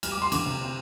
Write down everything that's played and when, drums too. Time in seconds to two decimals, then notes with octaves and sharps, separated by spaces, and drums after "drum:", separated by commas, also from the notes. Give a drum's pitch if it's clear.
0.03 G3 F6, drum: cymbal
0.12 D6
0.17 G3 C6
0.32 D3 D6, drum: cymbal
0.46 C3
0.61 C4